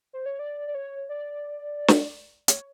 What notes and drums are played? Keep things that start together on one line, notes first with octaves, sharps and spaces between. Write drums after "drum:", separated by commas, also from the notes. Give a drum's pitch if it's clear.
C5
C#5
D5
D5
C#5
D5
drum: snare
C#5, drum: hi-hat